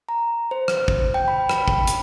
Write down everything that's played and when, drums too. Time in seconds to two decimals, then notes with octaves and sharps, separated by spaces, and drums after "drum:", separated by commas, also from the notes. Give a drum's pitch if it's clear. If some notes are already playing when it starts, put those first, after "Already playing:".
0.09 A#5
0.51 C5
0.68 drum: rim click
0.88 drum: kick
1.14 G5
1.28 B5
1.49 B5, drum: rim click
1.68 drum: kick
1.87 drum: hi-hat